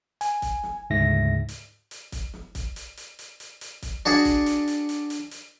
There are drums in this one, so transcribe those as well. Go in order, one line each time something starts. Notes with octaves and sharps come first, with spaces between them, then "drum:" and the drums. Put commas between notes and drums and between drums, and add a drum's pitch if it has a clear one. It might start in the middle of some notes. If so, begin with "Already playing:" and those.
G#5, drum: hi-hat
drum: kick, hi-hat
drum: snare
D2 G#2 C#3 E5 A#6
drum: hi-hat
drum: hi-hat
drum: kick, hi-hat
drum: snare
drum: kick, hi-hat
drum: hi-hat
drum: hi-hat
drum: hi-hat
drum: hi-hat
drum: hi-hat
drum: kick, hi-hat
D4 F#4 G#4 D5, drum: snare
drum: kick, hi-hat
drum: hi-hat
drum: hi-hat
drum: hi-hat
drum: hi-hat
drum: hi-hat